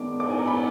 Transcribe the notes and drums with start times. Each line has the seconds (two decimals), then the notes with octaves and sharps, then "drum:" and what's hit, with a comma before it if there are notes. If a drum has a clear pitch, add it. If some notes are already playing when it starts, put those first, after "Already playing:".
Already playing: D#3 G#3 B3 D4 D6
0.20 D6, drum: cymbal
0.30 G#5
0.39 A#5
0.47 B5